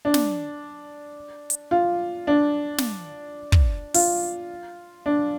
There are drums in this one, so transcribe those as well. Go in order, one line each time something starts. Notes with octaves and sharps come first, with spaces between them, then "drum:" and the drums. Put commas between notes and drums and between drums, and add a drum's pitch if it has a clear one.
D4
drum: snare
drum: hi-hat
F4
D4
drum: snare
drum: kick
F4, drum: open hi-hat
D4